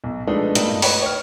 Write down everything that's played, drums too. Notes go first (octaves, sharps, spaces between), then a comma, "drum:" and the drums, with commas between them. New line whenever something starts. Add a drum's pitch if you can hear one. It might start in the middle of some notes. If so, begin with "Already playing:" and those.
B1
F3 G#3 A3 B3 D4 D#4
G2 B2 A3 A#3 D#4, drum: hi-hat
B4 C#5 D#5 G5 B5, drum: open hi-hat
C#5 G5 F6